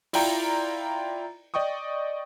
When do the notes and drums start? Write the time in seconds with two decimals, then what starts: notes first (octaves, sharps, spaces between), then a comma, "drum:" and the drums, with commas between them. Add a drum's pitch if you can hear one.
0.13 E4 F4 D5 G5 A#5, drum: open hi-hat
1.54 D5 D#5 G5 C#6 D#6